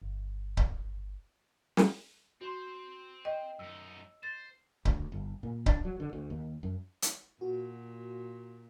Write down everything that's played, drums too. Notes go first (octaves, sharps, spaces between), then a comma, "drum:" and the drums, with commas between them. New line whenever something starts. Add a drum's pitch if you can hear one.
G1
drum: kick C#1
drum: snare
C4 F#4 C6
D#5 G5
F#2 D#4 E6
C5 A6
D2, drum: kick C#1
G1
A#2
D4, drum: kick C#1
F#3
D3
D2
D#2
F#2
drum: hi-hat
A#2 F#4